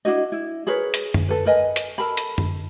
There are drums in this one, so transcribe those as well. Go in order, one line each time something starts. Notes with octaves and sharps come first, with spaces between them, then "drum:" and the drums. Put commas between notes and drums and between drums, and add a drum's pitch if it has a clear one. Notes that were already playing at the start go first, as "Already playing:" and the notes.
D4 E4 F#4 D#5
E4
G#4 A#4 B4 C#5
drum: hi-hat
drum: tom F#2
A4 B4
A#4 B4 D#5 G#5
drum: hi-hat
A4 A#4 A5 B5
drum: hi-hat
drum: tom F#2